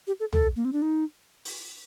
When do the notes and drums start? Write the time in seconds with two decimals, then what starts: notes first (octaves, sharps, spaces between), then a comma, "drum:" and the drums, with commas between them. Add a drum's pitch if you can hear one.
0.07 G4
0.20 A4
0.33 A4, drum: tom
0.56 A#3
0.65 C4
0.73 D4
0.82 D#4
1.45 drum: open hi-hat